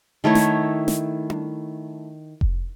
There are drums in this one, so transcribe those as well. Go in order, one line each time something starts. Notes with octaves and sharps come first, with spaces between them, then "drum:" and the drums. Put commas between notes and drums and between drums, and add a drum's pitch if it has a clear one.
D#3 A3 E4 C#5
drum: snare
drum: snare
drum: tom D4
drum: kick F1